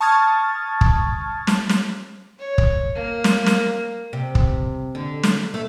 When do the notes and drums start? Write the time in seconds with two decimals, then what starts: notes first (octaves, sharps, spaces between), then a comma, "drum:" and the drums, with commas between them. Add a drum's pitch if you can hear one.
0.01 A5 C#6 D#6 F6 G#6 A6
0.81 drum: kick
1.47 drum: snare
1.69 drum: snare
2.39 C#5
2.58 drum: kick
2.96 A#3
3.24 drum: snare
3.47 drum: snare
4.13 C3
4.35 drum: kick
4.95 D3
5.24 drum: snare
5.54 A3